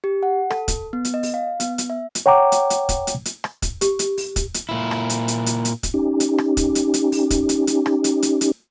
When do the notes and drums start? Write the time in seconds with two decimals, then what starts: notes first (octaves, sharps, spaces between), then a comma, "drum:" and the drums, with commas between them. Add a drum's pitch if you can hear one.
0.04 G4
0.23 F#5
0.51 A4, drum: rim click
0.68 drum: kick, hi-hat
0.93 B3
1.05 drum: hi-hat
1.14 D#5
1.23 drum: open hi-hat
1.34 F5
1.60 B3, drum: hi-hat
1.78 drum: hi-hat
1.90 E5
2.15 drum: hi-hat
2.26 C#5 F#5 G5 A#5 D6
2.52 drum: hi-hat
2.70 drum: hi-hat
2.89 drum: kick, hi-hat
3.07 drum: hi-hat
3.25 drum: hi-hat
3.44 drum: rim click
3.62 drum: kick, hi-hat
3.81 G4, drum: hi-hat
3.99 drum: hi-hat
4.18 drum: open hi-hat
4.36 drum: kick, hi-hat
4.54 drum: hi-hat
4.69 A#2 E4
4.91 drum: rim click
5.10 drum: hi-hat
5.28 drum: hi-hat
5.46 drum: hi-hat
5.65 drum: hi-hat
5.83 drum: kick, hi-hat
5.94 C#4 D#4 G4
6.20 drum: hi-hat
6.38 drum: rim click
6.57 drum: kick, hi-hat
6.75 drum: hi-hat
6.94 drum: hi-hat
7.12 drum: open hi-hat
7.30 drum: kick, hi-hat
7.49 drum: hi-hat
7.67 drum: hi-hat
7.86 drum: rim click
8.04 drum: hi-hat
8.23 drum: hi-hat
8.41 drum: hi-hat